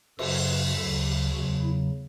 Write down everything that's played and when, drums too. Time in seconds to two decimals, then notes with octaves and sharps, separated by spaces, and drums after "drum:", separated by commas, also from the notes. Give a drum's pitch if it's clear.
0.19 F#2 C#3 F#3 A4, drum: cymbal
0.47 B4
0.76 D2 C#3 F#3 A4
1.05 G4
1.32 E2 C#3 F#3 F#4
1.61 E4